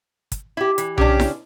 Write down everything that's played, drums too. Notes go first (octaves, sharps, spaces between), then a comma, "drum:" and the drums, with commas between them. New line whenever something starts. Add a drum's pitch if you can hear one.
drum: kick, hi-hat
E4 G4
E3, drum: hi-hat
C#3 C#4 D4 G4, drum: tom B1
drum: snare E4